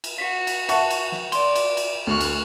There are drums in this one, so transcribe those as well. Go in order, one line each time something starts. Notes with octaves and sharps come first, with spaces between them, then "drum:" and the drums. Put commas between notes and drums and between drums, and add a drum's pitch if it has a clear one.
drum: cymbal
F#4 B6
drum: cymbal
E5 F#5 A5 C#6, drum: cymbal
drum: cymbal
drum: snare
D5 C6, drum: cymbal
drum: cymbal
drum: cymbal
D2 C#6 F6 F#6
drum: cymbal